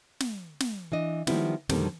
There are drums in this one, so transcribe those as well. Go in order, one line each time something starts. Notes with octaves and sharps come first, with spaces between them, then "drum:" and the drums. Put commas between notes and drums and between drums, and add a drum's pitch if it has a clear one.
drum: snare
drum: snare
E3 D4 D#5
D#3 F3 G3 B3 E4, drum: snare
F2 B2 D3 D#3 G3, drum: snare